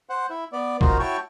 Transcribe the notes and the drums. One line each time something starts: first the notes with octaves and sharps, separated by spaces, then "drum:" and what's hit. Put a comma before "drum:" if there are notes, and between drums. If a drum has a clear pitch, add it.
C5 F#5
E4
B3 D5
D#4 F4 F#4 A#4 C5, drum: kick
E4 F#4 C#5 G5 A5 C#6